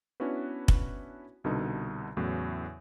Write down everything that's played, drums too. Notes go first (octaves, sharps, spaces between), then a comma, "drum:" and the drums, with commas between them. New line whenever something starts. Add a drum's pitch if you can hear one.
B3 C#4 D4 E4 F#4 B4
drum: kick
C2 B2 D3 D#4 A5
E2 A2 C#3 F#3